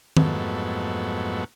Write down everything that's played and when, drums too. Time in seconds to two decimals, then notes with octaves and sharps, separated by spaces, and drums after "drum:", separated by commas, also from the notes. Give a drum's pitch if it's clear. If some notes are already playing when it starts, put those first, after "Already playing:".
0.17 F2 G#2 F#3 A3 B3, drum: tom